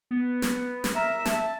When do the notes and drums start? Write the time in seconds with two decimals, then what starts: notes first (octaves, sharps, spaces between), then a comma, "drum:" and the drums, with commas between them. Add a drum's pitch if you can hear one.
0.11 B3
0.42 drum: snare
0.84 drum: snare
0.95 A#4 E5
1.25 A5, drum: snare